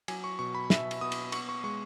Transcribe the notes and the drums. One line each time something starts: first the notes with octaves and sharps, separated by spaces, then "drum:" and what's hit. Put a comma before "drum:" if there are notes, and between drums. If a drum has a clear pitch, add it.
F#3 G#5, drum: cymbal
C#6
B2 C#6
B5
B2 E5, drum: snare
drum: cymbal
B2 D#6
drum: cymbal
B3 C#6, drum: cymbal
C#6
G#3 C#6